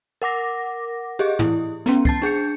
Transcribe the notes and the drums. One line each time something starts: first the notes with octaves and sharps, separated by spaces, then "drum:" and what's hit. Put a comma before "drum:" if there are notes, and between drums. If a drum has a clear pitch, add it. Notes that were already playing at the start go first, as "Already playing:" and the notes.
A#4 F#5 D6 A#6
G4 G#4 D#5
E4, drum: tom
B3 C#4, drum: snare
A5 A6 C7, drum: kick
D4 G#4 G6 C#7